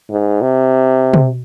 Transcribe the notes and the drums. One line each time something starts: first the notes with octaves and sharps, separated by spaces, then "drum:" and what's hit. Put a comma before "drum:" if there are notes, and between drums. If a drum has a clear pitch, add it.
G#2
C3
drum: tom